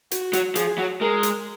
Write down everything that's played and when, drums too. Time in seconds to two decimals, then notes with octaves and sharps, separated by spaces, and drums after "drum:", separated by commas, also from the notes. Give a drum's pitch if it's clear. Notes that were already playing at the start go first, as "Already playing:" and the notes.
0.11 F#4, drum: hi-hat
0.33 F#3, drum: hi-hat
0.55 F3 G#4, drum: hi-hat
0.78 F#3
1.01 G#3 A#4
1.23 drum: hi-hat